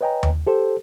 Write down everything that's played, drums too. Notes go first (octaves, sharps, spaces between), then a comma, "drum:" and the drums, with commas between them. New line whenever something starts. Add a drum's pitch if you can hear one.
B4 C#5 D#5 G5 G#5 A#5
drum: tom D#2
G4 A4 C5